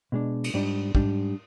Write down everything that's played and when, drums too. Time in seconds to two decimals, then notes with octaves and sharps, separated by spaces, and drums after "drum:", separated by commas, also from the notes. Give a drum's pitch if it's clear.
0.12 B2 G#3 D4
0.44 drum: cymbal
0.54 G#2 G3 D4
0.95 G#2 G3 D4, drum: kick